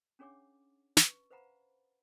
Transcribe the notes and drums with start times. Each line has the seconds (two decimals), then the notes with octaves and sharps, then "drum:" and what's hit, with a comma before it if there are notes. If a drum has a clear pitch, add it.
0.19 C#4 D4 G#4 C#5 F#5 D6
0.97 B4 C#6, drum: snare
1.30 B4 C5 F5 F#5 A#5 B5